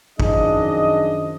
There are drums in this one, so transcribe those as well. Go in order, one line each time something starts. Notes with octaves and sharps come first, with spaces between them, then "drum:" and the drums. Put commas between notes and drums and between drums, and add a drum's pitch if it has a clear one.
F#2 D#3 F3 D4 G#4 D#5, drum: kick